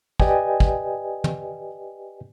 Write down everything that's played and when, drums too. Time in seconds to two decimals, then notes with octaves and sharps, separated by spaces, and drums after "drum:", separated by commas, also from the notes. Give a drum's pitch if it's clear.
0.20 G4 B4 D5 D#5 G5 G#5, drum: kick
0.60 drum: kick
1.24 drum: tom